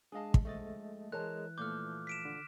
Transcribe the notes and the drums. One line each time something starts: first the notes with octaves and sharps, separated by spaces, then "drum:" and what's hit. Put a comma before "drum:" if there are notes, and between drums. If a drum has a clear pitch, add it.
G#3 D4 G#4 D#5 F5 A5
drum: kick
F2 A3 D#5 A6
E3 G#3 A#4 C#5 A5 F#6
A#2 F3 A3 D6 F6 G6
B6 D7 E7
D3